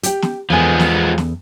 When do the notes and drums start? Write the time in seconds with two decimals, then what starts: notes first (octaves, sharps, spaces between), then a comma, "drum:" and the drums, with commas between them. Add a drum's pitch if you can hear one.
0.03 G4 G5, drum: hi-hat
0.22 drum: snare
0.50 E2 F3 G#3 B3 A4 G#5
0.80 drum: snare
1.18 drum: snare